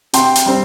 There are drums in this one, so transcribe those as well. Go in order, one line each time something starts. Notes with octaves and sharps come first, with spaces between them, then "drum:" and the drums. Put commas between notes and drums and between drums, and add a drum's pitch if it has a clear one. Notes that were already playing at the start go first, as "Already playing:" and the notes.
C3 G5 C6, drum: hi-hat
drum: hi-hat
G3 C4